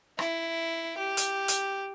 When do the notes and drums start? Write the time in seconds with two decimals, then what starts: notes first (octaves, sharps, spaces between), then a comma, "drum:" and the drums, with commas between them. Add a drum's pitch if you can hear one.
0.19 E4, drum: rim click
0.98 G4
1.17 drum: hi-hat
1.48 drum: hi-hat